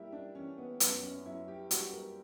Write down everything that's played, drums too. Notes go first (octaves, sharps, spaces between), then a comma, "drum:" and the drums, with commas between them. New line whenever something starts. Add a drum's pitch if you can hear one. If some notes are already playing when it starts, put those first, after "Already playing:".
Already playing: G3 E4 G4 A#4
D4
E3 C#4
B3
F#2 B3, drum: hi-hat
C#4
F#2 E4
G4
G3 F#4, drum: hi-hat
A#4